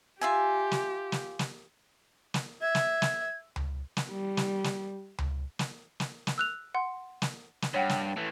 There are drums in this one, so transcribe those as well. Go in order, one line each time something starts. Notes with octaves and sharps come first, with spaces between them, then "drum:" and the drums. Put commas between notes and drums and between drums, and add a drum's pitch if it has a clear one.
F4 G4 E5 G#5
drum: snare
drum: snare
drum: snare
drum: snare
E5 G#6
drum: snare
drum: snare
drum: tom C#2
drum: snare
G3
drum: snare
drum: snare
drum: tom C#2
drum: snare
drum: snare
drum: snare
E6 F#6 F7
F#5 C6
drum: snare
drum: snare
G2 C#5 F#5 G5
drum: snare
E3 A3